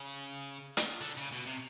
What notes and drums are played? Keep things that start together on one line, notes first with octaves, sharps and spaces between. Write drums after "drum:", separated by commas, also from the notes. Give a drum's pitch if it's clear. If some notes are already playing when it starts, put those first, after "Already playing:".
Already playing: C#3
drum: hi-hat
D3
C#3
B2
C3